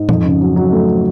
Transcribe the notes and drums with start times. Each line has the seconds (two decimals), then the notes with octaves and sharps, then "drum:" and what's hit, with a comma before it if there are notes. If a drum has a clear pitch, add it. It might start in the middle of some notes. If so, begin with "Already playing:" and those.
Already playing: G#2
0.09 F2, drum: tom
0.25 C#3
0.41 F#3
0.56 F#3
0.73 A3